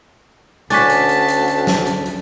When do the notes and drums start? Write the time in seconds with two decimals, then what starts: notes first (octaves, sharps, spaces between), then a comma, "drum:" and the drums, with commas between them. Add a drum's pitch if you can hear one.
0.70 D2 C#4 D4 A5 A6 B6, drum: hi-hat
0.90 drum: hi-hat
1.09 drum: hi-hat
1.28 drum: hi-hat
1.48 drum: hi-hat
1.67 drum: snare
1.86 drum: hi-hat
2.06 drum: hi-hat